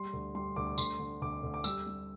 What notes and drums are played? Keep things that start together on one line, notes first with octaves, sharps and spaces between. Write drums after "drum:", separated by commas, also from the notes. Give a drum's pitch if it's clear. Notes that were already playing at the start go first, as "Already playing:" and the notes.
Already playing: G3 C6
D2
G3 C6
D2 D6
D2 C6, drum: tambourine
D3
D2 D6
D2
D6
G3 E6, drum: tambourine
G3